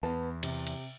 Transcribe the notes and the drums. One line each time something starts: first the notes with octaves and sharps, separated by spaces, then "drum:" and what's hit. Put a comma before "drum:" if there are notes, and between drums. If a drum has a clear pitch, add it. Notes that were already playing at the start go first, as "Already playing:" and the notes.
E2 B3 A5
C3, drum: cymbal
drum: cymbal